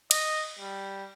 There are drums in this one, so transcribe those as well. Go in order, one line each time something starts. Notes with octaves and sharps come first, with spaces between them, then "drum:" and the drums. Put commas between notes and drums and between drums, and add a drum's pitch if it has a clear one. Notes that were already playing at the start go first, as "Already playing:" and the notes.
D#5, drum: cymbal
G3